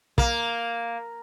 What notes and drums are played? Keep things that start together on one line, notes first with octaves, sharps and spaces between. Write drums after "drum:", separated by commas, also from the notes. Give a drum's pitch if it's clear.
A#3, drum: kick